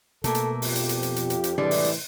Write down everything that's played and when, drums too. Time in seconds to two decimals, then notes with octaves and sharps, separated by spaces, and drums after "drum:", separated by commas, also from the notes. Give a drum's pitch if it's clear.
0.24 B2 A3 A#3 A4, drum: hi-hat
0.35 drum: hi-hat
0.62 F2 F3 G4, drum: open hi-hat
0.75 drum: hi-hat
0.89 drum: hi-hat
1.03 drum: hi-hat
1.16 drum: hi-hat
1.30 drum: hi-hat
1.44 drum: hi-hat
1.58 A2 C3 E3 G3 G#3 D4, drum: tom
1.71 drum: open hi-hat
1.84 drum: hi-hat